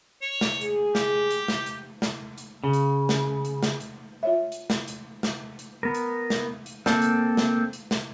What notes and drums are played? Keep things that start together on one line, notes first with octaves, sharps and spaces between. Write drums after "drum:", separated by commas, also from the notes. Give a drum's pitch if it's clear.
C#5
drum: snare
G#4, drum: hi-hat
G4, drum: snare
drum: hi-hat
drum: snare
drum: hi-hat
drum: snare
drum: hi-hat
C#3
drum: hi-hat
drum: snare
drum: hi-hat
drum: snare
drum: hi-hat
F4 C#5 E5
drum: hi-hat
drum: snare
drum: hi-hat
drum: snare
drum: hi-hat
B3 A#4
drum: hi-hat
drum: snare
drum: hi-hat
A#3 C4 A4, drum: snare
drum: hi-hat
drum: snare
drum: hi-hat
drum: snare